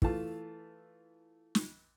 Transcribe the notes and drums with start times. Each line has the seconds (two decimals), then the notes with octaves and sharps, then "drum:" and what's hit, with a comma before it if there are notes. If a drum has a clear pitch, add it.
0.02 E3 A3 F4 A5, drum: kick
1.55 drum: snare